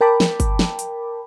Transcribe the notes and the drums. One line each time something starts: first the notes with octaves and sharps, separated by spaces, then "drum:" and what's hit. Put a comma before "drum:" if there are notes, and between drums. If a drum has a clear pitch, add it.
A#4 G5 A5 B5 D6
drum: snare
drum: kick G1, hi-hat
drum: snare
drum: hi-hat